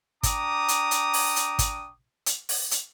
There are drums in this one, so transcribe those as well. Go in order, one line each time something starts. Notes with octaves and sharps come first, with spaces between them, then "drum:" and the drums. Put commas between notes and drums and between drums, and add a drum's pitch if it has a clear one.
D4 G5 A#5 D6 D#6, drum: kick, hi-hat
drum: hi-hat
drum: hi-hat
drum: open hi-hat
drum: hi-hat
drum: kick, hi-hat
drum: hi-hat
drum: open hi-hat
drum: hi-hat